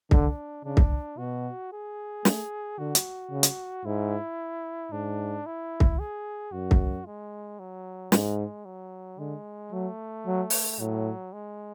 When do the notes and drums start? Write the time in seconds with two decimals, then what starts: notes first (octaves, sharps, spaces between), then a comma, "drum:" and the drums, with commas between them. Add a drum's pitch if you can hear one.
0.11 D3 D4, drum: kick C2
0.64 C#3 D4
0.77 drum: kick C2
1.18 B2 F#4
1.72 G#4
2.25 A3, drum: snare
2.78 D3 F#4
2.95 drum: hi-hat
3.31 C#3
3.43 drum: hi-hat
3.85 G#2 E4
4.92 G#2 D4
5.46 E4
5.80 drum: kick C2
5.99 G#4
6.52 F#2 F#4
6.71 drum: kick C2
7.06 G#3
7.59 F#3
8.12 G#2 G#3, drum: snare
8.65 F#3
9.19 D3 G#3
9.72 F#3 A3
10.26 F#3
10.50 drum: open hi-hat
10.79 A2 F#3
11.33 G#3